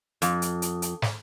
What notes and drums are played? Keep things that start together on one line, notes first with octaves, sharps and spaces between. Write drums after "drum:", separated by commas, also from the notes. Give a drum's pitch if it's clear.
F2, drum: hi-hat
drum: hi-hat
drum: hi-hat
drum: hi-hat
drum: snare